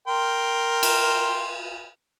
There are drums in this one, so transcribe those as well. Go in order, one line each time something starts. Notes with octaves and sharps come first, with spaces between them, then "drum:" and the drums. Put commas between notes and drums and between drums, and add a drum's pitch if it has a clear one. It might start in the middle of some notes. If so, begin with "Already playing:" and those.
A#4 G5 C6
drum: cymbal